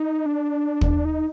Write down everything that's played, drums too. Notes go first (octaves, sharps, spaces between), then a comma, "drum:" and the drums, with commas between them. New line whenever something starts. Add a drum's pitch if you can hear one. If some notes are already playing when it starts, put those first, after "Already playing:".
Already playing: D#4
D4
drum: kick
D#4